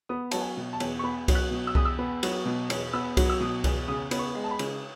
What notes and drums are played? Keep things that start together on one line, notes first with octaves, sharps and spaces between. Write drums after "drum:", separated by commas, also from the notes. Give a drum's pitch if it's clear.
B3 D#6
F#3 A5, drum: cymbal
G#5
B2
A5
E2, drum: cymbal
C#6
B3 B5
F#3, drum: kick C2, cymbal
F#6
B2
E6
E2 D#6, drum: kick C2
E6
B3
F#3, drum: cymbal
B2
E2, drum: cymbal
B3 E6
F#3, drum: kick C2, cymbal
E6
B2 D#6
E2, drum: kick C2, cymbal
C#3 D#6
B3, drum: cymbal
C#6
G#3
A5
B5
C#3, drum: cymbal